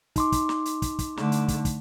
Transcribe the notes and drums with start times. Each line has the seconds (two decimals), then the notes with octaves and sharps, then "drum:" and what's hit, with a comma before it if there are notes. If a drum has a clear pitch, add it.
0.16 D#4 C6 D6, drum: kick, hi-hat
0.32 drum: kick, hi-hat
0.49 drum: snare
0.65 drum: hi-hat
0.82 drum: kick, hi-hat
0.99 drum: kick, hi-hat
1.17 D3 A3, drum: snare
1.32 drum: hi-hat
1.48 drum: kick, hi-hat
1.65 drum: kick, hi-hat